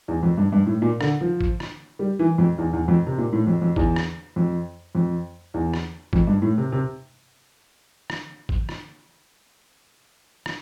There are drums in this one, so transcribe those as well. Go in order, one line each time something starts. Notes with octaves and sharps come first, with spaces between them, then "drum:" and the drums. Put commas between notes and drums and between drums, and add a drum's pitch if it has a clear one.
E2
F2
G2
G2
A2
A#2
D3, drum: rim click
F3
drum: kick G#1
drum: rim click
G3
E3
F2
E2
E2
F2
C3
A#2
A2
F2
F2
E2, drum: kick G#1
drum: rim click
F2
F2
E2
drum: rim click
F2, drum: kick G#1
G2
A2
C3
C3
drum: rim click
drum: kick G#1
drum: rim click
drum: rim click